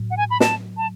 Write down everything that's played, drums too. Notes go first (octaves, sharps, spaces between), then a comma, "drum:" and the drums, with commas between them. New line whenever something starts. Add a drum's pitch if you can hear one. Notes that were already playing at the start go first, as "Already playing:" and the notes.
Already playing: A2 F#3
F#5
G#5
B5
A5, drum: snare
A5